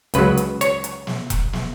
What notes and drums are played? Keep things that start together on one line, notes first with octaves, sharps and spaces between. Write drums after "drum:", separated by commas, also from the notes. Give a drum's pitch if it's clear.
C#2 C#3 F#3 B4, drum: hi-hat
drum: hi-hat
C#5, drum: hi-hat
drum: hi-hat
drum: snare
drum: kick E1, hi-hat
drum: snare